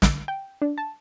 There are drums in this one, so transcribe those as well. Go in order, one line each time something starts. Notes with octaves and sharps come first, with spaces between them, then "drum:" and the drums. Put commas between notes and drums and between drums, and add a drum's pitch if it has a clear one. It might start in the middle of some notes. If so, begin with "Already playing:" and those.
D3, drum: snare
G5
D4
A5